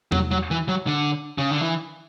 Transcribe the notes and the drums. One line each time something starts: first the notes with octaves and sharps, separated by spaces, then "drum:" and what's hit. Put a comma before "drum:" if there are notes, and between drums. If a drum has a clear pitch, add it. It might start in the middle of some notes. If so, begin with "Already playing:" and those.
F#3, drum: tom
F#3
E3
F#3
D3
C#3
D3
E3